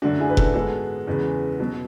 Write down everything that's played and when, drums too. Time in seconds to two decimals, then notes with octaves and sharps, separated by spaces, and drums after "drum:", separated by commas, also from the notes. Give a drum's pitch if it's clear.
0.02 F#2 D3 A3 D4 F#4
0.19 E4 G#4
0.29 B4
0.37 F#4 A4, drum: kick F1
0.54 G#2 G#3 B3 F#4 A4
1.07 E2 C#3 G#3 B3
1.60 B2 F#3 B3